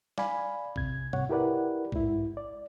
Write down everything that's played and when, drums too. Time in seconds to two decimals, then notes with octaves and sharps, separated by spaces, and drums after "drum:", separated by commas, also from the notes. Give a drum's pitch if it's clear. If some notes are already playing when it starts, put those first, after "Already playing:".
0.18 D5 F5 G#5 B5, drum: snare
0.76 C3 G#6, drum: kick
1.13 C2 C3 C#5 F#5, drum: tom G#2
1.29 E4 G4 A#4 B4 D5 F#5
1.92 G#2 E4, drum: kick
2.37 D5